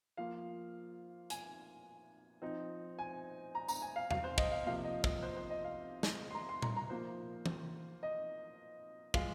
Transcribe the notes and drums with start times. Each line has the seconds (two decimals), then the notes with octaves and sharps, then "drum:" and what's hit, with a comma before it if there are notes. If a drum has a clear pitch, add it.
0.17 F3 A#3 F4 F5
1.30 G#5, drum: hi-hat
2.42 F3 C4 D#4
2.99 G#5
3.55 A#5
3.68 A#5, drum: tambourine
3.82 G#5
3.96 F5
4.11 F5, drum: tom E2
4.24 C5
4.38 D#5, drum: kick
4.52 F5
4.66 C3 F3 A#3 F4 F5
4.84 D#5
5.04 D#5, drum: kick
5.23 C5
5.36 C5
5.50 D#5
5.64 F5
6.03 drum: snare
6.30 C6
6.34 A#5
6.49 C6
6.62 A#5, drum: tom A#2
6.76 A#5
6.90 F3 A#3 F4 C5
7.46 drum: tom E3
8.03 D#5
9.14 F3 G#3 F4 F5, drum: kick